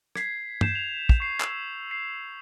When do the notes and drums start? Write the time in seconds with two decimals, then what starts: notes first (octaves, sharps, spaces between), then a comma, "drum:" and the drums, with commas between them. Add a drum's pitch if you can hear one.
0.15 G#6 B6 C7, drum: rim click
0.61 G6 C7 E7, drum: tom
0.75 F7
1.09 drum: kick
1.20 C#6 C7
1.40 E6, drum: clap
1.91 C7